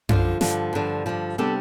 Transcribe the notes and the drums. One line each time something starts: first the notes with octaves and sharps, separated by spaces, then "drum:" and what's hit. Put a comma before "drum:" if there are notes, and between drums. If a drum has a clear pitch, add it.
G2 D3 F3 F4, drum: tom F#2
G2 D3 F3, drum: snare
G2 D3 F3
G2 D3 F3
C3 G3 B3 D4 A4